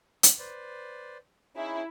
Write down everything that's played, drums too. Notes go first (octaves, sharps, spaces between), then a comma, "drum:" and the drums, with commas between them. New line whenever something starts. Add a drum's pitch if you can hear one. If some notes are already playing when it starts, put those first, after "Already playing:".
drum: hi-hat
B4 C5 D5
C#4 D#4 E4 G#4